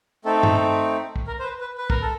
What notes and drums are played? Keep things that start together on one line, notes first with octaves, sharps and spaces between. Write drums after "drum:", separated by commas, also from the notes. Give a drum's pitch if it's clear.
A3 C4 D#4 A4
drum: tom G2
drum: kick
A#4
C5
B4
B4
B4
A#4, drum: kick
A4